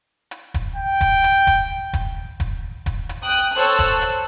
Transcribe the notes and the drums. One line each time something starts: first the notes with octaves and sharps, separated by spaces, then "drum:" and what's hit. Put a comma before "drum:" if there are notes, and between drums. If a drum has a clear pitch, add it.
drum: hi-hat
drum: kick E1, hi-hat
G5
drum: kick E1, hi-hat
drum: hi-hat
drum: kick E1, hi-hat
drum: kick E1, hi-hat
drum: kick E1, hi-hat
drum: kick E1, hi-hat
drum: hi-hat
G5 D#6 F#6
A4 C5 C#5 A5 E6 F#6
drum: kick E1, hi-hat
drum: hi-hat